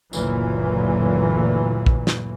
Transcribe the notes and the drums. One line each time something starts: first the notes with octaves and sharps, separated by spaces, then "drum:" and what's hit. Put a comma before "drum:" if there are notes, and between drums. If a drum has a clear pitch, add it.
F#1 D2 A#2 E3 F#3, drum: tambourine
drum: kick A#1
drum: snare